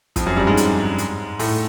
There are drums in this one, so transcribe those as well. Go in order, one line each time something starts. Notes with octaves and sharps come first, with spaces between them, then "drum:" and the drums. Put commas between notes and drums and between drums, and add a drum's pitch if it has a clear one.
F2 F3, drum: kick, hi-hat
F#2 F#3
G2 G3
G#2 G#3
drum: hi-hat
drum: hi-hat
A2 A3, drum: open hi-hat